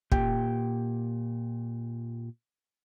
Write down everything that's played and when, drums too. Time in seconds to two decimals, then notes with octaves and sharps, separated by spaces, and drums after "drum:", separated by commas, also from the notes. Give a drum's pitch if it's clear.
0.12 A#2 G4 G5, drum: kick